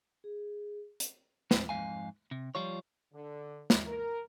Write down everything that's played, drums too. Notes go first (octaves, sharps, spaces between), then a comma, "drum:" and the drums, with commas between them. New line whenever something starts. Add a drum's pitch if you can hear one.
G#4
drum: hi-hat
F2 A2 C4, drum: snare
F2 G#2 E3 F5 G#5
C3
F3 G3 F4 C#5
D3
drum: snare
A#4